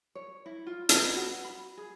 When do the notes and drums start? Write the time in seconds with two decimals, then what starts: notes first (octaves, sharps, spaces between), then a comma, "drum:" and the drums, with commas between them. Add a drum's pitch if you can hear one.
0.15 C#5
0.46 E4
0.67 F4
0.89 B4, drum: hi-hat
1.16 F#4
1.45 B5
1.78 G#4